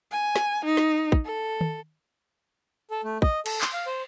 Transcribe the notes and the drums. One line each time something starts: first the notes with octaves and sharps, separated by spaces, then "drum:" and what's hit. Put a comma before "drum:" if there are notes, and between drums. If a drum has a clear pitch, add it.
G#5
drum: snare
D#4
drum: snare
drum: kick
A4
drum: tom D#3
A4
A3
D#5, drum: kick
A4, drum: cymbal
C6, drum: clap
F5
C5